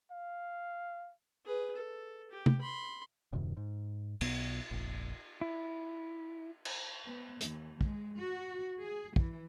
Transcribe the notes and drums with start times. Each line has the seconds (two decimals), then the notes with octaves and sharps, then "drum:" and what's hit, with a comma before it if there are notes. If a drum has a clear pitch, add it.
0.11 F5
1.46 G#4 B4
1.76 A4
2.31 G4
2.46 drum: tom C3
2.61 B5 C6
3.33 D#1 F#2 C3 D#3
3.57 G#2
4.21 B1 B2 B3, drum: cymbal
4.71 F1 A#1
5.41 E4
6.65 drum: cymbal
7.06 B3
7.41 D#2, drum: hi-hat
7.81 G#3, drum: kick
8.18 F#4
8.81 G#4
9.16 E3, drum: kick